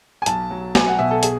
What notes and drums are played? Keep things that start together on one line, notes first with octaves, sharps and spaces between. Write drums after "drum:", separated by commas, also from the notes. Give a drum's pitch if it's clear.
G#5
B1 A5, drum: hi-hat
F#3
B1 G#5, drum: snare
F#5
B2 E5
A4
G#4, drum: hi-hat